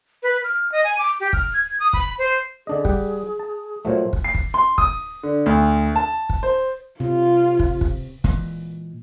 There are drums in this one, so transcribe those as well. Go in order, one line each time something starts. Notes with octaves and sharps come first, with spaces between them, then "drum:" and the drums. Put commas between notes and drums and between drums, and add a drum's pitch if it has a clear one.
B4
F6
D#5
G#5
D6
G4
F6, drum: kick
G#6
D#6
B5, drum: kick
C5
D3 D4 G#4 D#5
G3 G4 F#5, drum: kick
A5
A#2 F#3 A3 C5
drum: kick
C7
drum: kick
C6
D#6, drum: kick
D3
D2
A5
drum: kick
C5
C3 F4
drum: kick
drum: kick
A#2 E3 G#3, drum: kick